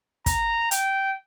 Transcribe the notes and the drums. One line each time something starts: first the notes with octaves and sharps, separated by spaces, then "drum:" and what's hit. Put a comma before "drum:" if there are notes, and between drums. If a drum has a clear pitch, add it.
A#5, drum: kick, hi-hat
G5, drum: hi-hat